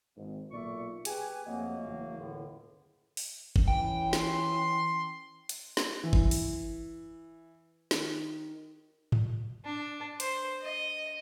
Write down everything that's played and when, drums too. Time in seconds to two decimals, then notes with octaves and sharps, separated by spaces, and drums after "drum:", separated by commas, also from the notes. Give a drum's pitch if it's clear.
0.17 G#1
0.51 B1 A#2 D5 E5 C#6
1.05 G4 G#4 B4 G#5, drum: hi-hat
1.46 F2 F#3 A3 A#3 D#5 F#5
1.83 F#1 E2
2.18 C#2 A2 D3
3.17 drum: open hi-hat
3.56 drum: kick G1
3.68 E3 C#4 G5
4.13 C6, drum: snare
5.49 drum: hi-hat
5.77 drum: snare
6.04 E3
6.13 drum: kick G1
6.31 drum: open hi-hat
7.91 D#3, drum: snare
9.12 drum: tom G#2
9.65 D4
10.20 C5, drum: hi-hat
10.61 D#5